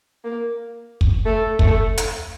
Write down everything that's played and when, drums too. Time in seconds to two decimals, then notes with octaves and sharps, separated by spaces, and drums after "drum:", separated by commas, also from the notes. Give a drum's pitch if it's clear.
0.24 A#3
1.01 drum: kick
1.26 A3
1.59 A3, drum: kick
1.98 drum: hi-hat